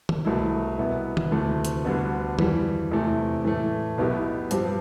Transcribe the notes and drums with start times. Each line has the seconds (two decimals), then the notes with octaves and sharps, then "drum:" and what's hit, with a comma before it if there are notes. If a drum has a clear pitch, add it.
0.09 drum: tom D#3
0.25 C2 B2 A3 E4
0.78 C2 B2 B3 E4
1.17 drum: tom D#3
1.32 D2 C3 E3 A3
1.65 drum: hi-hat
1.85 D2 D3 G3 B3 D4
2.39 F2 E3 G3, drum: tom D#3
2.92 E2 C3 E3 A3
3.45 A2 E3 A3
3.98 B1 B2 B3 E4 G4
4.51 G2 F3 C4 G4, drum: hi-hat